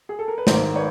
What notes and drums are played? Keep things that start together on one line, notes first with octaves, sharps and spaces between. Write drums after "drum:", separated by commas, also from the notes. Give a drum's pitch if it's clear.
G#4
A4
A#4
B4
G#1 G#2 D#3 A#4 C5, drum: snare
B4 C#5